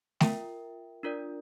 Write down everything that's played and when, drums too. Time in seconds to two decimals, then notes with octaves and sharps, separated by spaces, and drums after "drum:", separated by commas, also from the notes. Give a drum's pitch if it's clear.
0.20 F4 A#4 E5 G5, drum: snare A3
1.03 D4 F4 A#4 D5